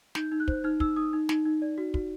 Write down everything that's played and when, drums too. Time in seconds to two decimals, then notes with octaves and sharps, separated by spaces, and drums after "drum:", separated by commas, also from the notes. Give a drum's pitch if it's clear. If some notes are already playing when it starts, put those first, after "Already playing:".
0.15 D#4 G6, drum: snare
0.32 D#4
0.40 F#6
0.48 C5, drum: kick
0.64 D#4 F6
0.80 D#4 E6, drum: kick
0.96 D#4 D#6
1.13 D#4
1.29 D#4, drum: snare
1.45 D#4
1.62 D5
1.78 F#4
1.94 F#4, drum: kick